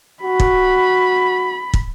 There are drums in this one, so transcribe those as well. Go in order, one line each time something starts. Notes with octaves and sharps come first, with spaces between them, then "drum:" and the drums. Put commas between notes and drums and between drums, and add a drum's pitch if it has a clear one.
F#4 B5
drum: kick
drum: kick